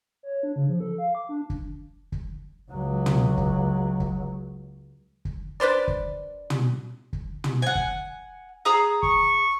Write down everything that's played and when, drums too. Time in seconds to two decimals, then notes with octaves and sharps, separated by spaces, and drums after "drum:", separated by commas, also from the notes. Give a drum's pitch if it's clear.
0.23 C#5
0.43 D4
0.56 C#3
0.68 F3
0.80 A4
0.98 F5
1.15 D6
1.29 D4
1.50 drum: kick
2.12 drum: kick
2.71 C#2 F#3
3.06 drum: tom
3.37 drum: kick
4.00 drum: kick
5.25 drum: kick
5.60 D4 B4 C5 D5
5.88 drum: kick
6.50 drum: tom
7.13 drum: kick
7.44 drum: tom
7.62 F#5 G#5
7.75 drum: kick
8.65 G#4 A#5 D#6
9.03 C#6, drum: kick